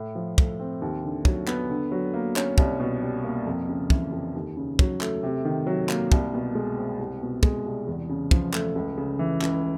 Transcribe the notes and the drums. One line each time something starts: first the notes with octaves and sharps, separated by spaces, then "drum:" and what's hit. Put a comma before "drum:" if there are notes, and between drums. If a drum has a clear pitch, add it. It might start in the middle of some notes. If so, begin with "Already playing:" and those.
Already playing: A2
F3
A3, drum: kick
C4
D#2
D3
F#3, drum: kick
B3, drum: clap
D3
F#3
A#3
C#4, drum: clap
C2, drum: kick
B2
G3
A#3
F2
C#3
E3, drum: kick
F2
D#2
C#3
F#3, drum: kick
A3, drum: clap
C3
D#3
F#3
A#3, drum: clap
C2, drum: kick
B2
G#3
C4
C2
B2
G#3, drum: kick
C2
E2
C#3
F3, drum: kick
A3, drum: clap
C#2
C#3
E3
C#2, drum: clap